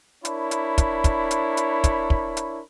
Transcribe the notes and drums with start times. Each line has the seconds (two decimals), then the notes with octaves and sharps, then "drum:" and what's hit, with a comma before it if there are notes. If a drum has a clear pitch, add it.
0.25 D4 E4 A#4 C#5 B5, drum: hi-hat
0.51 drum: hi-hat
0.78 drum: kick, hi-hat
1.04 drum: kick, hi-hat
1.31 drum: hi-hat
1.57 drum: hi-hat
1.84 drum: kick, hi-hat
2.10 drum: kick
2.37 drum: hi-hat